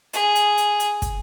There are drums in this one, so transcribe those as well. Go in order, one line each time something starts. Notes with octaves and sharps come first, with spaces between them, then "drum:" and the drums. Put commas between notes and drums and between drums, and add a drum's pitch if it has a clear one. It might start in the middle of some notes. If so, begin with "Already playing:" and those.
G#4, drum: hi-hat
drum: hi-hat
drum: hi-hat
drum: hi-hat
drum: kick, hi-hat